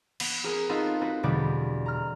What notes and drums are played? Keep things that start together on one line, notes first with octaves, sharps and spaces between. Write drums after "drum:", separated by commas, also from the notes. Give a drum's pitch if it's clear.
B3, drum: cymbal
C4 G#4 A#4 B4
B3 C4 D#4 F4 A4 B4
C4 F#4 B4
E2 B2 D3 G3 D5
A#5 F6